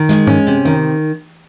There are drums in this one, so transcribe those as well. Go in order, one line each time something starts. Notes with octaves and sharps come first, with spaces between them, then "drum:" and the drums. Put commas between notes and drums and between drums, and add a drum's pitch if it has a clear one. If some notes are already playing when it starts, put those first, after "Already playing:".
Already playing: D#3
G#3, drum: snare
C#4, drum: tom G2
C3
D#3